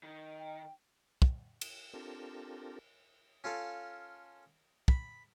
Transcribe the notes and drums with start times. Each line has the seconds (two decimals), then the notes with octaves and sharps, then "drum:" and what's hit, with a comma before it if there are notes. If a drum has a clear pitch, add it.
0.03 D#3
0.40 G5
1.22 drum: kick
1.61 drum: cymbal
1.94 C4 D4 F4 G4 A4 A#4
3.44 C#4 F4 A4 F5
4.88 B5, drum: kick